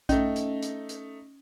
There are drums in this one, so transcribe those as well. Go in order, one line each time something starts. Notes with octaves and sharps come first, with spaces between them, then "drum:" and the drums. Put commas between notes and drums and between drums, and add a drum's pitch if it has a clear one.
A3 C#4 D#4, drum: kick A#1, hi-hat
drum: hi-hat
drum: hi-hat
drum: hi-hat